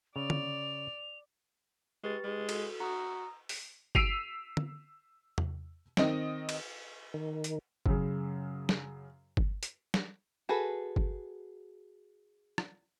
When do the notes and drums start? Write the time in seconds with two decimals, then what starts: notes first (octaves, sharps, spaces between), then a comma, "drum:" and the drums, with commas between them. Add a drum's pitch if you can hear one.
0.16 C#3 D5 F7
0.30 drum: tom
2.04 G#3 G4 B4 A6
2.24 G#3
2.49 F#4 A4, drum: cymbal
2.80 F#4 A#5 D#6
3.49 drum: open hi-hat
3.95 E6 B6 C7 D7 D#7 F7, drum: kick G1
4.57 drum: tom
5.38 drum: tom E2
5.97 D#3 C4 D#5, drum: snare
6.49 drum: cymbal
7.14 D#3
7.44 drum: hi-hat
7.86 F#2 C#3, drum: kick G1
8.69 drum: snare
9.37 drum: kick G1
9.63 drum: hi-hat
9.94 drum: snare
10.49 F#4 G#4 A4 B4
10.96 drum: kick G1
12.58 drum: rim click